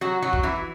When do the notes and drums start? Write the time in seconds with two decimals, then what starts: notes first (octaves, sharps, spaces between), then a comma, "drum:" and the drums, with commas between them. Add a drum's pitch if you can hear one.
0.01 F#3 F#4
0.22 F#3 F#4
0.33 drum: kick
0.43 E3 E4